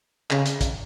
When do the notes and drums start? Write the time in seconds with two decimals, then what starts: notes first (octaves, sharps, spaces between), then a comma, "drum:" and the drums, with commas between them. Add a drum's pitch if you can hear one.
0.31 C#3, drum: clap
0.46 drum: hi-hat
0.61 drum: kick, hi-hat